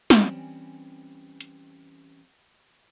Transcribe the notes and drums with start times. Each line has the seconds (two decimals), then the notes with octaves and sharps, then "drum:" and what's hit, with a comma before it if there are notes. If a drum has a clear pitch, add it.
0.10 drum: snare
0.21 E3 G3 C4 C#4
1.40 drum: hi-hat